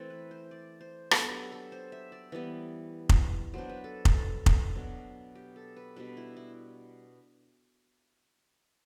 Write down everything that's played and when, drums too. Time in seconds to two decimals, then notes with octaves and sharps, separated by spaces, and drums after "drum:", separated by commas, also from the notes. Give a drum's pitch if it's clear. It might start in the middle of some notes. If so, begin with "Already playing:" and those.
Already playing: E3 A3 C4 A4
0.10 B4
0.31 C5
0.51 D5
0.81 C5
1.11 F#3 B3 D4 A4, drum: rim click
1.31 G4
1.52 A4
1.72 C5
1.92 E5
2.12 D5
2.32 E3 G3 B3
3.09 drum: kick F1
3.53 F#3 B3 D4 C5
3.70 B4
3.84 A4
4.05 drum: kick F1
4.14 A4
4.46 drum: kick F1
4.75 B2 F#3 B3 D4
5.35 G4
5.56 A4
5.77 B4
5.96 B2 G3 D4 B4
6.17 E4
6.37 E4